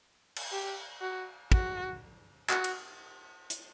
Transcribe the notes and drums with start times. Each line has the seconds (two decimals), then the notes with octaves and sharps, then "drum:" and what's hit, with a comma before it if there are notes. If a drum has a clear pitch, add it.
0.36 drum: cymbal
0.52 G4
1.01 F#4
1.52 F#4, drum: kick
2.49 F#4, drum: clap
2.64 drum: cymbal
3.50 drum: hi-hat